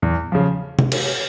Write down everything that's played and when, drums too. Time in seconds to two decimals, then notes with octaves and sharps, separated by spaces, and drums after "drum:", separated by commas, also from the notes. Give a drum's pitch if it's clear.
0.02 E2
0.32 C#3 F3
0.79 drum: tom C3
0.92 drum: cymbal